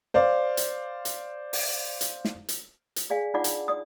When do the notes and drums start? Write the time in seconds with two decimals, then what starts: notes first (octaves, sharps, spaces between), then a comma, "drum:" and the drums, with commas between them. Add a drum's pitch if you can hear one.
0.14 C5 D5 F5
0.57 drum: hi-hat
1.05 drum: hi-hat
1.53 drum: open hi-hat
2.01 drum: hi-hat
2.25 drum: snare
2.49 drum: hi-hat
2.96 drum: hi-hat
3.10 G#4 D5 F5 G#5
3.34 D4 D#4 F4 D5 F#5 D6
3.44 drum: hi-hat
3.68 D5 D#6